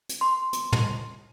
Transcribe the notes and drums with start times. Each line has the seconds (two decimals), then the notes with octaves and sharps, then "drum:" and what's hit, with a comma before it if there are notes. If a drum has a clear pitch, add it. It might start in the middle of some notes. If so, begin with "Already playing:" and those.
0.09 drum: hi-hat
0.21 C6
0.53 drum: hi-hat
0.72 drum: tom